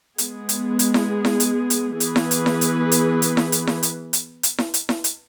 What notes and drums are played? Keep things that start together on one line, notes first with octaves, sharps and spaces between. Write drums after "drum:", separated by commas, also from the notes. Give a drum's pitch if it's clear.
G#3 B3 G#4, drum: hi-hat
drum: hi-hat
drum: hi-hat
drum: snare E4
drum: snare E4
drum: hi-hat
drum: hi-hat
E3 B3 G#4 B4, drum: hi-hat
drum: snare E4
drum: hi-hat
drum: snare E4
drum: hi-hat
drum: hi-hat
drum: hi-hat
drum: snare E4
drum: hi-hat
drum: snare E4
drum: hi-hat
drum: hi-hat
drum: hi-hat
drum: snare E4
drum: hi-hat
drum: snare E4
drum: hi-hat